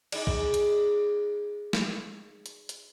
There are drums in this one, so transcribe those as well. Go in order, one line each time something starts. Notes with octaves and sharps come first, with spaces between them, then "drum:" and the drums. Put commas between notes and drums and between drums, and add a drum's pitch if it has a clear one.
D#4 G#4 D5, drum: cymbal
drum: kick
drum: hi-hat
drum: snare
drum: hi-hat
drum: hi-hat